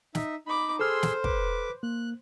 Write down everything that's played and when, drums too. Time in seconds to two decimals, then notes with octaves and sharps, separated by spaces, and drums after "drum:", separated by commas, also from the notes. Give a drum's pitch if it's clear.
0.15 D#4 E5, drum: snare
0.47 D#4 B5 D6
0.79 G#4 A4 C5 C6 E6 F6
1.03 drum: snare
1.24 B4 D6, drum: kick
1.83 A#3 F#6